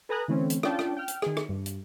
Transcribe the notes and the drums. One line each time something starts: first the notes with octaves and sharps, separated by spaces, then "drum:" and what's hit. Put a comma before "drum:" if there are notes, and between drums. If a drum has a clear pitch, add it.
A4 B4 G#5 A#5 D#6 F#6
D3 E3 A3 C4 C#4
drum: hi-hat
C#4 D4 F4 D5 G5 A5, drum: rim click
drum: rim click
G5 F6
drum: hi-hat
D#3 G#4, drum: rim click
drum: rim click
G2
drum: hi-hat